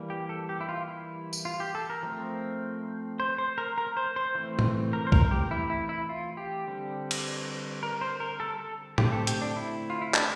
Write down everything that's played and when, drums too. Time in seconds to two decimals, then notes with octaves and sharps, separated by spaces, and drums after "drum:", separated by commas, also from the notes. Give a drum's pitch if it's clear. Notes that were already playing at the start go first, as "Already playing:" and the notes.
Already playing: E3 G3 A#3
0.10 G4
0.29 A4
0.49 G4
0.61 E4
0.69 F4
0.88 E4
1.33 drum: tambourine
1.45 F4
1.60 G4
1.75 A4
1.90 A#4
2.03 F3 A3 C4
3.20 C5
3.38 C5
3.58 A#4
3.78 A#4
3.97 C5
4.16 C5
4.35 E3 A3 C4
4.59 drum: tom A2
4.93 A#4
5.07 C5
5.12 A#4, drum: kick B1
5.31 G4
5.51 E4
5.70 E4
5.89 E4
6.09 F4
6.37 G4
6.67 D3 G3 C4
7.11 drum: cymbal
7.83 A#4
8.01 C5
8.20 A#4
8.40 A4
8.59 A4
8.98 D3 A3 C4 G4, drum: tom A2
9.12 A4
9.27 G4, drum: hi-hat
9.42 D4
9.56 E4
9.90 F4
10.02 E4
10.14 D4, drum: clap